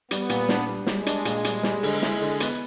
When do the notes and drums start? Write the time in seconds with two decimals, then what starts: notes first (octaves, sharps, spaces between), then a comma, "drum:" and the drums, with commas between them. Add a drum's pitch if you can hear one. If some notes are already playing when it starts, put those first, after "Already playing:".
0.11 G3 B3, drum: hi-hat
0.29 A#2, drum: hi-hat
0.49 D4, drum: snare
0.68 G3
0.86 G3 G#3, drum: snare
1.06 D4, drum: hi-hat
1.25 A#2, drum: hi-hat
1.44 G3, drum: hi-hat
1.63 G3, drum: snare
1.83 D3, drum: open hi-hat
2.02 E4, drum: snare
2.21 D3
2.40 B3, drum: hi-hat